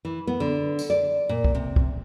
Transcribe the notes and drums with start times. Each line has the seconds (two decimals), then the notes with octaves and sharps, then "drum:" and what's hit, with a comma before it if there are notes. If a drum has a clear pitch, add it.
0.05 E3
0.27 B3
0.40 D3
0.79 drum: tambourine
0.90 D5
1.29 A#2
1.44 drum: kick
1.55 C3
1.76 drum: kick